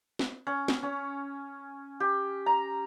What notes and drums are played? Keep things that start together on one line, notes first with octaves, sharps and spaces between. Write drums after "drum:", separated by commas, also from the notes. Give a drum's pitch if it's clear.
drum: snare
C#4
drum: snare
C#4
G4
A#5